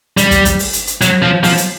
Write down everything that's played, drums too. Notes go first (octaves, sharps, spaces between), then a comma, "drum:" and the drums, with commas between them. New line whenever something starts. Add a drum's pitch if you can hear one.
G3, drum: hi-hat
drum: kick, hi-hat
drum: kick, hi-hat
drum: open hi-hat
drum: hi-hat
drum: hi-hat
F#3, drum: hi-hat
F3
F3, drum: open hi-hat
drum: hi-hat